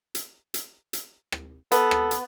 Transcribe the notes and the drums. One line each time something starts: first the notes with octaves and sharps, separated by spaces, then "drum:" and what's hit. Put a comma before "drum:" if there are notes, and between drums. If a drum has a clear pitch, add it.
drum: hi-hat
drum: hi-hat
drum: hi-hat
drum: rim click
B3 A4, drum: hi-hat
drum: rim click
drum: hi-hat